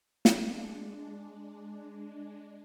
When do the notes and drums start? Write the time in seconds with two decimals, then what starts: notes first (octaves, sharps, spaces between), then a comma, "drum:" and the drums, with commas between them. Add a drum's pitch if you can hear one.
0.25 G#3 D4, drum: snare